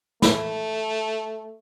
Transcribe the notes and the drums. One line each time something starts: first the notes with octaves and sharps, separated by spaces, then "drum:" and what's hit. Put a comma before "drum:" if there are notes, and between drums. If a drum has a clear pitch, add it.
A3 B5, drum: snare